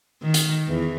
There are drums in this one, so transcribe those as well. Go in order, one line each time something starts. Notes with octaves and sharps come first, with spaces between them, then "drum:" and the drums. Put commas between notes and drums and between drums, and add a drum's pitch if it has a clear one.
D#3
drum: hi-hat
E2 E3